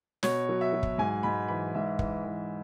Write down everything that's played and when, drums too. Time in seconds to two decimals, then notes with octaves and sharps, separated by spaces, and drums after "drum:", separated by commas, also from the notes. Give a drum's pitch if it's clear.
0.23 B2 C#5, drum: snare
0.49 F#3
0.61 E5
0.73 F#3
0.83 drum: kick
0.98 G#2 G#5
1.23 G#2 B5
1.48 E3 B5
1.75 G#2 E5
1.99 E3, drum: kick
2.25 E3